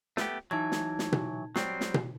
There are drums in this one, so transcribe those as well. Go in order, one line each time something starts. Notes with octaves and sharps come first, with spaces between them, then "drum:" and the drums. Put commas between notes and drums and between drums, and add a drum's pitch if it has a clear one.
A3 B3 G4, drum: snare
E3 F#3 D#4 A5 G#6
drum: snare
drum: snare
drum: tom B2
F#3 G3 C4 C7, drum: snare
drum: snare
drum: tom B2